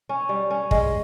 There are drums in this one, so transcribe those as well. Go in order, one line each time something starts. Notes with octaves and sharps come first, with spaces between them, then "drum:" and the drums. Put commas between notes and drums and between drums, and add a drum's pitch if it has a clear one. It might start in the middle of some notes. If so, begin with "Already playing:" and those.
C#4
G3
C#4
G#3, drum: kick